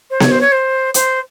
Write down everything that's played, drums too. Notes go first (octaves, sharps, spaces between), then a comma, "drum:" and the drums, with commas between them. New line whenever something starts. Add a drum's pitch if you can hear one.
C5
C#5, drum: snare B3
C5
C#5
C5
C5, drum: hi-hat